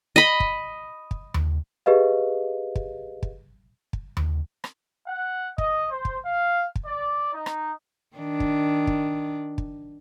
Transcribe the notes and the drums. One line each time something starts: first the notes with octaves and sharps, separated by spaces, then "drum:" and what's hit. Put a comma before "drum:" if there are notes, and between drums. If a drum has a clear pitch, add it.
D#5 B5
drum: kick
drum: kick
drum: tom D#2
G4 G#4 B4 D#5 F5
drum: kick
drum: kick
drum: kick
drum: tom D#2
drum: rim click
F#5
D#5, drum: kick
C5
drum: kick
F5
drum: kick
D5
D#4
drum: rim click
D#3 D4
drum: kick
drum: kick
drum: kick